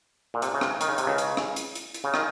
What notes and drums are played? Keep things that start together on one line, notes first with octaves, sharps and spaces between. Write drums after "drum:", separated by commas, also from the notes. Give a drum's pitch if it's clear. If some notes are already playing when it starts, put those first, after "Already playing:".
A#2
C3, drum: hi-hat
C#3
C3, drum: rim click
D#3, drum: hi-hat
C#3
C3, drum: hi-hat
C#2 C#3
drum: hi-hat
drum: rim click
drum: hi-hat
drum: hi-hat
drum: hi-hat
C#3
D#3, drum: rim click